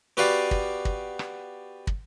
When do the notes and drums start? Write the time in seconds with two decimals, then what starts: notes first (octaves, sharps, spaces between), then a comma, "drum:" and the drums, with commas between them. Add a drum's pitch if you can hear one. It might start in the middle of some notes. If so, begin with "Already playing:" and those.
0.17 B3 F#4 G4 B4 D5 F5
0.51 drum: kick
0.85 drum: kick
1.19 drum: rim click
1.87 drum: kick